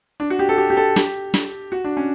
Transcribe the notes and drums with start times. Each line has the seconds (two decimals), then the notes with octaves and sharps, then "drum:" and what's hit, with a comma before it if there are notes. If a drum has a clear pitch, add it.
0.20 D4
0.30 F#4
0.39 G4
0.49 A4
0.58 G4
0.70 G4
0.77 A4
0.96 G4, drum: snare
1.34 drum: snare
1.72 F#4
1.84 D4
1.97 C#4